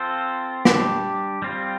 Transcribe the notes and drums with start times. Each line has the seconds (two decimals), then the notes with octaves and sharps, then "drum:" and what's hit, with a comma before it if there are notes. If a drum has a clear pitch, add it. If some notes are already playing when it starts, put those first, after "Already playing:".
Already playing: C4 F4 A4 C5
0.65 G3 D4 G4, drum: snare
1.42 G3 C4 F4